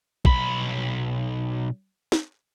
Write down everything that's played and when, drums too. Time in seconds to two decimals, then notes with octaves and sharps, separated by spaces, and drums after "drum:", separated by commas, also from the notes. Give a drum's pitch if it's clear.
0.25 B1 B5, drum: kick A#1
2.12 drum: snare